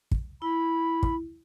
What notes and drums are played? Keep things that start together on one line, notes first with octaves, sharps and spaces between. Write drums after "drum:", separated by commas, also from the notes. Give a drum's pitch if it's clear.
drum: kick
E4 B5
drum: kick